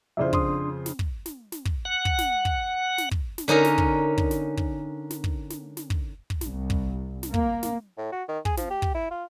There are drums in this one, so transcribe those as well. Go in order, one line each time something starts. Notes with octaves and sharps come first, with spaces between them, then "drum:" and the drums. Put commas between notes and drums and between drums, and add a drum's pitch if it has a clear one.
F2 C#3 E4 C5 D5 E5
D4 C6 D#6, drum: kick
drum: snare
drum: kick
drum: snare
drum: snare
drum: kick
F#5
drum: kick
drum: snare
drum: kick
drum: snare
drum: kick
drum: snare
D3 C#4 D#4 A#4
drum: snare
drum: kick
drum: kick
drum: snare
drum: kick
drum: snare
drum: kick
drum: snare
drum: snare
drum: kick
drum: kick
C2, drum: snare
drum: kick
drum: snare
A#3, drum: kick
drum: snare
A2
F#4
D#3
G#4, drum: kick
F3, drum: snare
G4
drum: kick
E4
F4